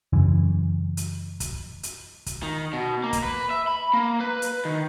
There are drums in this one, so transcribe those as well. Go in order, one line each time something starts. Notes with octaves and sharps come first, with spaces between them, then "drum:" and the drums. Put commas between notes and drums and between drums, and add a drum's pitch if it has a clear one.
F#2 C#3 E3
drum: hi-hat
drum: kick, hi-hat
drum: hi-hat
drum: kick, hi-hat
D#3
B2
A#3
drum: kick, hi-hat
B4
E5
B5
A#3
B4
drum: hi-hat
D#3